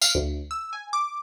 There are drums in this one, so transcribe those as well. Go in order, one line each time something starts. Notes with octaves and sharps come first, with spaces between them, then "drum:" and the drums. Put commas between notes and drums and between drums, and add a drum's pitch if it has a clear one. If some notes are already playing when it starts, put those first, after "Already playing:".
F5, drum: tambourine
D2
E6
G#5
D6